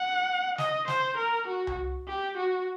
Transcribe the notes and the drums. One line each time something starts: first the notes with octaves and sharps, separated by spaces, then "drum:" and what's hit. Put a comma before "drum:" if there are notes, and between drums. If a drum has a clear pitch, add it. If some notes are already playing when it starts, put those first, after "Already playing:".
Already playing: F#5
D#5, drum: snare
C5, drum: snare
A#4
F#4
drum: tom C2
G4
F#4